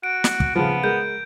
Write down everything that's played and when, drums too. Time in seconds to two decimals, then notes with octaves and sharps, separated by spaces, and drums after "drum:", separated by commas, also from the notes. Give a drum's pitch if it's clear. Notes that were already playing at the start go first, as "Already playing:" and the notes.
0.03 F#4 D7
0.24 drum: snare
0.40 drum: kick
0.56 C#3 F3 B3
0.84 G#3 A#4 G6